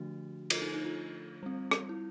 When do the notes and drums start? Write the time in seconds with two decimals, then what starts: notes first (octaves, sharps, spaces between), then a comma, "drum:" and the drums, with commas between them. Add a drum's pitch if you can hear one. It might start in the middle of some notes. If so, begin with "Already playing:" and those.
Already playing: D3 F3 A3 D4 F#4
0.50 F4, drum: cymbal
0.62 D#4
0.74 D#4
0.85 F4
1.43 G3 C4
1.71 drum: rim click
1.89 E4